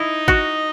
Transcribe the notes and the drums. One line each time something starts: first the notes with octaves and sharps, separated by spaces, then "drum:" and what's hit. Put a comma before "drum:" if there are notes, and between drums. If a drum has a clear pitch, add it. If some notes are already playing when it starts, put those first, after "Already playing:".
Already playing: D#4 E4 D#5
F#4, drum: kick